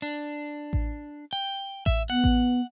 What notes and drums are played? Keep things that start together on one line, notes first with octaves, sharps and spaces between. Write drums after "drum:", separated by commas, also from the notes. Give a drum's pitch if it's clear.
D4
drum: kick A1
G5
E5, drum: kick A1
B3 F#5
drum: kick A1